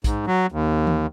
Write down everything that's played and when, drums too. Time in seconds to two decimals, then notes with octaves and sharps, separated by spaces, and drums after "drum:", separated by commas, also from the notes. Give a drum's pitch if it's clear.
0.04 G#2, drum: kick A#1, hi-hat
0.27 F#3
0.52 D#2
0.87 drum: tom E3